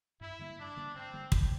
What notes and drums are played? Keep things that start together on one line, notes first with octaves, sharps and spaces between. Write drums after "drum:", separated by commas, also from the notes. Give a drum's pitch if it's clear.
G2 E4
D3 G3 A#3
G2 D4
D3 G3 A#3
G2 C4
D3 G3 A#3
G2, drum: kick